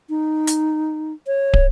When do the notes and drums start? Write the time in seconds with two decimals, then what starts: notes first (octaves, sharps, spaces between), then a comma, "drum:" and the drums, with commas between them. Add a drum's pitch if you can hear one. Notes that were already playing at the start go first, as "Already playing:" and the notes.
0.09 D#4
0.47 drum: hi-hat
1.27 C#5
1.53 drum: kick